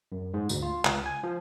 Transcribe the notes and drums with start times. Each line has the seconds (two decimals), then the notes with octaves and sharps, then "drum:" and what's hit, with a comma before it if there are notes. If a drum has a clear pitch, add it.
0.12 F#2
0.34 G#2
0.49 D2, drum: tambourine
0.63 F4
0.85 C#2, drum: clap
1.06 G#5
1.23 F3